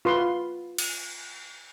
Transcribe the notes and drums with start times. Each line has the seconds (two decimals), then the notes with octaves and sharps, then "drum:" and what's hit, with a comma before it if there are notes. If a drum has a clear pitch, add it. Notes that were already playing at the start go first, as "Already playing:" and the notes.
0.05 F4 B4 C6
0.78 drum: cymbal